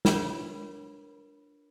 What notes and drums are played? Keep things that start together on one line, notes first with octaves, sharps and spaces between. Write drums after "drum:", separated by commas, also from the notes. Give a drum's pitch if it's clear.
D4 F4 A#4 B4 C#5 B5, drum: snare